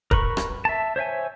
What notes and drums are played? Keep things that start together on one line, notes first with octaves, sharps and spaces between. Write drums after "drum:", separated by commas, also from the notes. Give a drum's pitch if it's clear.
A#4 B4 B5 C#6, drum: kick
drum: rim click
E5 A5
C5 C#5 E5 G#5